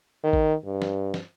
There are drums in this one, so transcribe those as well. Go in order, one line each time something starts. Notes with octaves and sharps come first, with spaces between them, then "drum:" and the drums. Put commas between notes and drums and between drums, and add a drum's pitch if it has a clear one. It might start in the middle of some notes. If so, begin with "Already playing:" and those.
D#3
drum: kick A1
G2
drum: snare
drum: snare